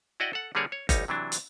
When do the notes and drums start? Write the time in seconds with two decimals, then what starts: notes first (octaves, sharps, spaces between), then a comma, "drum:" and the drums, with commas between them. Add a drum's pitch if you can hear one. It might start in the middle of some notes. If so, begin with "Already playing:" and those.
0.20 E4 F#4 D5 D#5 F#5 G5
0.33 A4 F#5
0.55 D3 G3 A#3 G#4 C#5 D5
0.72 C#5
0.89 A1 D2 G3 D#4 C#5, drum: kick F#1, hi-hat
1.08 C3 E3 F#3 D4
1.32 drum: hi-hat